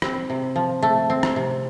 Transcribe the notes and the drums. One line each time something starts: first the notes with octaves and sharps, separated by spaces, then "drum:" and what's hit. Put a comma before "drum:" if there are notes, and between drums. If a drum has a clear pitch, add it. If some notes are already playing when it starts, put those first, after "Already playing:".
C4, drum: rim click
C3
F3
A3
C4
drum: rim click
C3